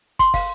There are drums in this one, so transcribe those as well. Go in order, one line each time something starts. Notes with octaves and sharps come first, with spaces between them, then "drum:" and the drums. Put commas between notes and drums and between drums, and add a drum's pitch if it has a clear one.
C6, drum: kick, hi-hat
F5, drum: kick, open hi-hat